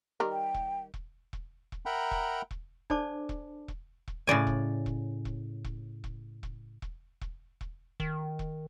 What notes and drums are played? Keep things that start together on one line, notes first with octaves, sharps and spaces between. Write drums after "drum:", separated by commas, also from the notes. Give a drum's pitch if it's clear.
D#3 G3 A#4
G5
drum: kick E1
drum: kick E1
drum: kick E1
drum: kick E1
A#4 E5 F#5 G5 A#5 B5
drum: kick E1
drum: kick E1
D4 A4 C5 D5 A5 D6, drum: kick E1
drum: kick E1
drum: kick E1
drum: kick E1
A2 C#3 D5 G#5
drum: kick E1
drum: kick E1
drum: kick E1
drum: kick E1
drum: kick E1
drum: kick E1
drum: kick E1
drum: kick E1
drum: kick E1
D#3, drum: kick E1
drum: kick E1